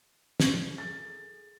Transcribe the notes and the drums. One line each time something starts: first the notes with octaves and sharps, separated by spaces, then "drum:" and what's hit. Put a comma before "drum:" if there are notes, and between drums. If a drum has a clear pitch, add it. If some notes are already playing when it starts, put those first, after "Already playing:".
drum: snare
G#4 A4 A6